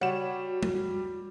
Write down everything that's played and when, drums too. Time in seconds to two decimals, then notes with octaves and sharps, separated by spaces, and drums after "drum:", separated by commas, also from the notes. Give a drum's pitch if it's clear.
0.01 C#3 G3 F#4 C#5 F#5 E7
0.63 drum: tom G3